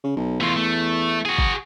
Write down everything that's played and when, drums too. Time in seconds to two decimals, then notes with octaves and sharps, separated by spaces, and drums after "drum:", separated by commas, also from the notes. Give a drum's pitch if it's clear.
0.04 C#3
0.16 B1
0.41 E2 A3 F4
0.56 A3
1.25 F#4 G#4
1.38 drum: kick